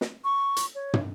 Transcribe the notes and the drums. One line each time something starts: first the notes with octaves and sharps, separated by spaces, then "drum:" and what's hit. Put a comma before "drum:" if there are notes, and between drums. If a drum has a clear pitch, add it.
drum: snare
C#6
drum: hi-hat
C#5
drum: tom